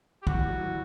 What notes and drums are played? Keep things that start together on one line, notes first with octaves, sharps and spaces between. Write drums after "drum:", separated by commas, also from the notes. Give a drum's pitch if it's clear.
G4
E3 F#4, drum: kick
G3
F#3
E3